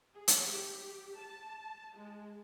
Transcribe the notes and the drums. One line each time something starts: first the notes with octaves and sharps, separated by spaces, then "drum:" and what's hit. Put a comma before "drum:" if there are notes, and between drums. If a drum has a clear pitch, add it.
G#4
drum: hi-hat
G4
A5
G#3